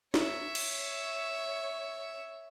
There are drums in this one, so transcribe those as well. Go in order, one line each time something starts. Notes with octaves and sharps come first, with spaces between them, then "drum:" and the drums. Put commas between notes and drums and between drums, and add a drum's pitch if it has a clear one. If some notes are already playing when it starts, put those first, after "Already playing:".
C#5 E5, drum: snare
drum: cymbal